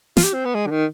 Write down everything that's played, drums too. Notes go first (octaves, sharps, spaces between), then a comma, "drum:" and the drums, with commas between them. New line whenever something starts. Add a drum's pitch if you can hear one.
F4, drum: snare
G4
C4
B3
G#3
D3
D#3